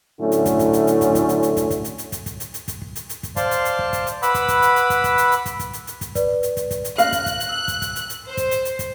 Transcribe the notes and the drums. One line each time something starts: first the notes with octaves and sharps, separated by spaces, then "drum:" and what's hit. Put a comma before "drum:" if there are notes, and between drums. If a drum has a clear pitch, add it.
A2 D3 F#3 A3 C#4
drum: hi-hat
drum: kick, hi-hat
drum: kick, hi-hat
drum: hi-hat
drum: hi-hat
drum: kick, hi-hat
drum: kick, hi-hat
drum: hi-hat
drum: hi-hat
drum: kick, hi-hat
drum: kick, hi-hat
drum: hi-hat
drum: hi-hat
drum: kick, hi-hat
drum: kick, hi-hat
drum: hi-hat
drum: hi-hat
drum: kick, hi-hat
drum: kick
drum: hi-hat
drum: hi-hat
drum: kick, hi-hat
C5 D5 F5 A5 C6, drum: kick, hi-hat
drum: hi-hat
drum: hi-hat
drum: kick
drum: kick, hi-hat
drum: hi-hat
B4 F#5 B5 D6 E6, drum: hi-hat
drum: kick, hi-hat
drum: kick, hi-hat
drum: hi-hat
drum: hi-hat
drum: kick, hi-hat
drum: kick, hi-hat
drum: hi-hat
drum: hi-hat
drum: kick, hi-hat
drum: kick, hi-hat
drum: hi-hat
drum: hi-hat
drum: kick, hi-hat
B4 D5, drum: kick, hi-hat
drum: hi-hat
drum: kick, hi-hat
drum: kick, hi-hat
drum: hi-hat
F5 F#6 A#6, drum: hi-hat
drum: kick, hi-hat
drum: kick, hi-hat
drum: hi-hat
E6
drum: kick, hi-hat
drum: kick, hi-hat
drum: hi-hat
drum: hi-hat
C5
drum: kick, hi-hat
drum: hi-hat
drum: hi-hat
drum: kick, hi-hat